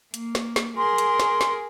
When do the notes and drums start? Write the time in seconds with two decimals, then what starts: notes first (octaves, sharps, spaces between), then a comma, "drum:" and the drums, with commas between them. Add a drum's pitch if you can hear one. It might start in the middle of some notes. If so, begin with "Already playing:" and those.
0.14 A#3, drum: hi-hat
0.35 drum: snare
0.56 drum: snare
0.77 G#4 A#4 C6
0.98 drum: hi-hat
1.20 drum: snare
1.41 drum: snare